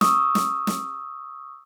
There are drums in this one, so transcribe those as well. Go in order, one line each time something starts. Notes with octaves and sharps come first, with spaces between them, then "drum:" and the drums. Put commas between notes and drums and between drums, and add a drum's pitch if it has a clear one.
C#6 D#6 E6, drum: snare
drum: snare
drum: snare